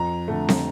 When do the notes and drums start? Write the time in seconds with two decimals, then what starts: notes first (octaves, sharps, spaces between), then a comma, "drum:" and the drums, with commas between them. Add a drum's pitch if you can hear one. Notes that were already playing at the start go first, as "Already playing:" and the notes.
Already playing: F2 A#5
0.28 D3 A3
0.49 drum: snare